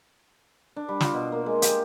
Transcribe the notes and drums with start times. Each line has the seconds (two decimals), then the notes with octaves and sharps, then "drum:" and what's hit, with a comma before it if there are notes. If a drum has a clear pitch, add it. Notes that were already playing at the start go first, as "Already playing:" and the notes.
0.76 D4
0.89 G3
1.01 F4, drum: snare
1.14 B2
1.32 A#3
1.46 G#3
1.62 G4, drum: hi-hat